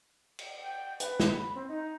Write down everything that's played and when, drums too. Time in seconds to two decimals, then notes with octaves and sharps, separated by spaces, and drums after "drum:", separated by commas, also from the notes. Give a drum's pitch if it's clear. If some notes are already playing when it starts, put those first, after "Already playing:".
0.39 drum: cymbal
0.63 G5
1.00 B4, drum: hi-hat
1.20 drum: snare
1.34 B5
1.55 C4
1.68 D#4